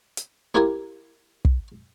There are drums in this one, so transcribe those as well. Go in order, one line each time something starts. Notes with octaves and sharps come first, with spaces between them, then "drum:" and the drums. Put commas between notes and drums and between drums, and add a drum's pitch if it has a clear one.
drum: hi-hat
A#3 E4 F4 G4 A#4 G#5
drum: kick